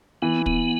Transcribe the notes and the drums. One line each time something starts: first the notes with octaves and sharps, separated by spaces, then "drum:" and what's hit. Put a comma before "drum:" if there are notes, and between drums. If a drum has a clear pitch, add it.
E3 B3
B3, drum: kick